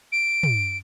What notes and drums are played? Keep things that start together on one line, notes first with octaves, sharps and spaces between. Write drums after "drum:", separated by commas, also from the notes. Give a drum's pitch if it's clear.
D7
drum: tom